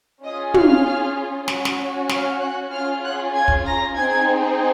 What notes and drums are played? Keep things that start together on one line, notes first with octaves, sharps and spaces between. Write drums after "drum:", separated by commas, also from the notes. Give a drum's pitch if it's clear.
C#4 F4 G#4 D#5 D#6
F5 F6, drum: tom
C#4 F#4, drum: snare
drum: snare
F5 F6, drum: snare
F#5 F#6
C#4 F4 G#4 F5 F6
F#5 F#6
G#5 G#6
drum: kick
A#5 A#6
C4 D#4 G#4 G#5 G#6